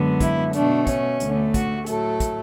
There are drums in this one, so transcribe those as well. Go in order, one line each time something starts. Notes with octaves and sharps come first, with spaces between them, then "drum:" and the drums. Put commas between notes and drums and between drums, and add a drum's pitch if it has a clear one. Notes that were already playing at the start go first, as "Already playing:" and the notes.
Already playing: F#2 D3 G#3 B3
E4, drum: kick, hi-hat
B2 A3 D4, drum: hi-hat
C#4, drum: kick, hi-hat
D2 D3 A3, drum: hi-hat
F#4, drum: kick, hi-hat
A2 F#3 A3 A4, drum: hi-hat
drum: kick, hi-hat